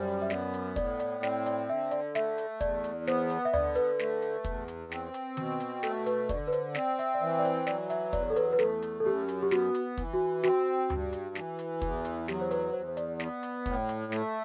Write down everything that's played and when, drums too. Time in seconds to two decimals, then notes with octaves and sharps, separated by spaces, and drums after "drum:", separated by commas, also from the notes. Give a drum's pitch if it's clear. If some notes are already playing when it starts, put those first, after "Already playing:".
Already playing: F#2 G3 C5
0.22 E5
0.30 B3 D5, drum: snare
0.54 drum: hi-hat
0.76 A2 D5, drum: kick, hi-hat
1.00 D5, drum: hi-hat
1.23 C4 D5, drum: snare
1.46 D5, drum: hi-hat
1.69 D3 E5
1.91 D5, drum: hi-hat
2.15 A3 E5, drum: snare
2.38 drum: hi-hat
2.61 E2 D5, drum: kick, hi-hat
2.84 drum: hi-hat
3.08 B3 C5, drum: snare
3.30 drum: hi-hat
3.45 E5
3.53 D3 D5, drum: tom D2
3.75 B4, drum: hi-hat
4.00 A3, drum: snare
4.22 drum: hi-hat
4.44 E2, drum: kick, hi-hat
4.68 drum: hi-hat
4.92 C4, drum: snare
5.14 drum: hi-hat
5.37 B2, drum: tom D#3
5.60 drum: hi-hat
5.83 A3 A4, drum: snare
6.06 B4, drum: hi-hat
6.29 D3 D5, drum: kick, hi-hat
6.47 B4
6.53 C5, drum: hi-hat
6.75 C4 D5, drum: snare
6.99 E5, drum: hi-hat
7.14 D5
7.21 E3 E5
7.39 D5
7.45 C5, drum: hi-hat
7.67 F#3 D5, drum: snare
7.90 E5, drum: hi-hat
8.13 E2 D5, drum: kick, hi-hat
8.30 A4
8.36 B4, drum: hi-hat
8.53 B4
8.59 A3 A4, drum: snare
8.82 drum: hi-hat
9.00 A4
9.06 F#2 G4
9.29 drum: hi-hat
9.43 G4
9.51 B3 F#4, drum: snare
9.75 drum: hi-hat
9.98 E3, drum: kick, hi-hat
10.14 F#4
10.44 C4 F#4, drum: snare
10.90 G2, drum: tom D2
11.13 drum: hi-hat
11.35 E3, drum: snare
11.59 drum: hi-hat
11.82 E2, drum: kick, hi-hat
12.05 drum: hi-hat
12.28 F#3 G4, drum: snare
12.41 C5
12.51 B4, drum: hi-hat
12.73 E2 C5
12.88 C5
12.97 D5, drum: hi-hat
13.20 B3, drum: snare
13.43 drum: hi-hat
13.66 A2, drum: kick, hi-hat
13.89 drum: hi-hat
14.12 A3, drum: snare